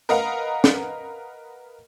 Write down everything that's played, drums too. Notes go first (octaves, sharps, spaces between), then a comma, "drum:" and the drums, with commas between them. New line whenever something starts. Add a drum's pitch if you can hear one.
A#4 B4 D#5 F5 F#5 A#5
drum: snare